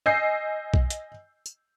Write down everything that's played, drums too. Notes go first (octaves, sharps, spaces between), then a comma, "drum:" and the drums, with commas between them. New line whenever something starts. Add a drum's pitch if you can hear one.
D#5 G#5 E6 G6 C7
drum: kick B1
drum: hi-hat
drum: tambourine